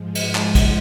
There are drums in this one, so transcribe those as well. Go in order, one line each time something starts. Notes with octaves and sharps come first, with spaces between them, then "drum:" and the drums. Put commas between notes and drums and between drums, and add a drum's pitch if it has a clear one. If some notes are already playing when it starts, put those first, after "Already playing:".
Already playing: G#2 F3 G#3
drum: cymbal
drum: clap
drum: kick, cymbal